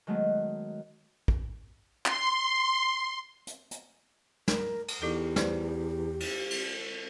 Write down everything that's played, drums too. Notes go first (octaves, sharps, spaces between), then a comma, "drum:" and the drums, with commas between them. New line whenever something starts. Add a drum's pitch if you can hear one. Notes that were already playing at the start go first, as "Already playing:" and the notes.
D#3 F#3 G#3 A3 B3
drum: kick
C6, drum: clap
drum: hi-hat
drum: hi-hat
A#4, drum: snare
drum: cymbal
E2 E3 D#4 G4 A4
B4 C5 D5, drum: snare
drum: cymbal
drum: cymbal